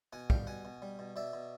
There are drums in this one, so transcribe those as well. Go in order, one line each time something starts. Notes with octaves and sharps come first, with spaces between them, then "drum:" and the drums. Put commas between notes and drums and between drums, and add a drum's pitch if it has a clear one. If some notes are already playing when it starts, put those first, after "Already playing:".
B2 F#5 G#5
G3 F5 G5, drum: kick
B2 F#5 G#5
B2
G3
B2
B2 D5 E5
B2